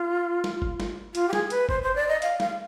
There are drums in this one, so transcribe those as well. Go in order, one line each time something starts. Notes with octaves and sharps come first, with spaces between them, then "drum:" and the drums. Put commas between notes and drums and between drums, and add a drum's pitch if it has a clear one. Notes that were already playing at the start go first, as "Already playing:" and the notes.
Already playing: F4
drum: snare
drum: kick
drum: snare
F4, drum: hi-hat
G4
G#4, drum: snare
B4, drum: hi-hat
C5, drum: kick
C5
D5
D#5
F5, drum: hi-hat
F5, drum: snare